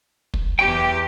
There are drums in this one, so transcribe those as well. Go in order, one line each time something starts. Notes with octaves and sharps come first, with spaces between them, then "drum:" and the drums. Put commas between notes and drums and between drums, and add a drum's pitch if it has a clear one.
drum: kick
E2 G4 G5